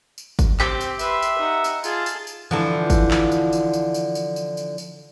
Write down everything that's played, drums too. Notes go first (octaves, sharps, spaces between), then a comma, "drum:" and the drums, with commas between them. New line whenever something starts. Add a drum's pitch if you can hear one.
drum: tambourine
drum: kick G1, tambourine
C4 G4, drum: clap
drum: tambourine
B4 E5 C6, drum: tambourine
drum: tambourine
D#4 F#5
drum: tambourine
F4 G#4 A5, drum: tambourine
drum: tambourine
drum: tambourine
D3 E3 F3
drum: kick G1, tambourine
drum: clap
drum: tambourine
drum: tambourine
drum: tambourine
drum: tambourine
drum: tambourine
drum: tambourine
drum: tambourine
drum: tambourine